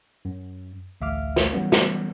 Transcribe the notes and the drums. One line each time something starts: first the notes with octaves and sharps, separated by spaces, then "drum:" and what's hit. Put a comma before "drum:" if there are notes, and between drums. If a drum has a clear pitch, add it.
F#2
A1 D2 E5 F5 D6 F6
drum: snare
E3 F#3 G3 B3 C#4
drum: snare